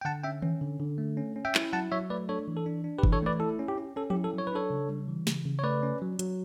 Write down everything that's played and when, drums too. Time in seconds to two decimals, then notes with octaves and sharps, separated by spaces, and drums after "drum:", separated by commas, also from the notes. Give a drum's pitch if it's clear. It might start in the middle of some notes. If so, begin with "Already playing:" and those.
0.01 G5
0.05 D3 F#5 A5
0.24 C#4 E5 G5
0.42 C#4, drum: tom D#3
0.61 D3
0.80 D3
0.98 A3
1.17 C#4
1.36 C#4
1.45 E5 G5
1.55 E4, drum: clap
1.73 F#3 F#5 A5
1.91 F#3 C#5 E5
2.10 A3 B4 D5
2.29 D4 A4 C#5
2.48 E3
2.57 A4
2.66 D4
2.84 D4
2.99 G4 B4
3.03 E3, drum: kick F#1
3.12 A4 C#5
3.22 A3 B4 D5
3.40 E4 A4
3.59 C#4
3.69 G4
3.77 C#4
3.96 C#4 A4
4.10 G4, drum: tom F3
4.15 E4
4.24 A4
4.33 F#3
4.38 C#5
4.47 B4
4.52 D4 A4 C#5
4.70 C#3
4.89 G3
5.08 E3
5.27 C#3, drum: snare
5.45 C#3
5.59 C#5
5.63 A3 B4 D5
5.83 C#4
6.02 F#3
6.19 F#3, drum: hi-hat